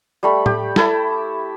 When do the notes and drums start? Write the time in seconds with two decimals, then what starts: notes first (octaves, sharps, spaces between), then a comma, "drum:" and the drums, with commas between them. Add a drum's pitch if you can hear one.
0.23 G3 A3 B5
0.46 G4, drum: tom A2
0.76 E4 A4, drum: snare